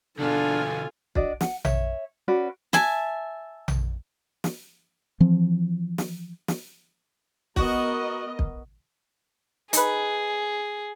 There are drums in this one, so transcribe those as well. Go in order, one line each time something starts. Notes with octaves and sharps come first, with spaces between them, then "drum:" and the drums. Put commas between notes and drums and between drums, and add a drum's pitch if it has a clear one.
B2 D3 D4 F4 A4 F5 G#5
D4 F#4 D5 D#5, drum: kick
F#5, drum: snare
C#5 E5, drum: tom A#1
C#4 F#4 B4 D5
E5 G#5 A5, drum: snare
drum: tom A#1
drum: snare
E3 F3 C4
drum: snare
drum: snare
B3 F#4 A#4 D#5, drum: kick
drum: kick
D#4 G#4 B4, drum: hi-hat